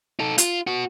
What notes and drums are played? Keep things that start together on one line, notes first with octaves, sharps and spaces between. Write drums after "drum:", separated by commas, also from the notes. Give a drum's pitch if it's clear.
D#4 A4
F4, drum: hi-hat
B3 F#4